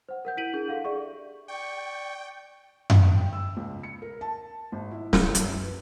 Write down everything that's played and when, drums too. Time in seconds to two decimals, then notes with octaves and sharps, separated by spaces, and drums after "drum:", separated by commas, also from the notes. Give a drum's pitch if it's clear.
0.09 C5 F#5
0.25 A#4 F#5 G6
0.37 E4 B6 D7 D#7 F#7
0.53 D4 G#4 G6
0.68 G4 A4 F5 F#5
0.85 G#4 D5 E5 C#6
1.48 D5 G5 C#6
2.90 drum: tom F#2
3.15 G5
3.33 E6
3.57 C#2
3.83 C#7
4.02 A#4
4.21 A5
4.72 G#1
4.91 E4
5.13 drum: snare
5.35 F#2, drum: hi-hat
5.62 B4